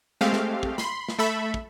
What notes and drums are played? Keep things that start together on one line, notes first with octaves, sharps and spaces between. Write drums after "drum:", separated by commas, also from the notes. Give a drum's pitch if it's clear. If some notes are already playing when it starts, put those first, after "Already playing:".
G#3 A3 C4 G4 F5
drum: snare
drum: kick
B5 C6, drum: snare
drum: snare
A3 A4 E5 B5
drum: kick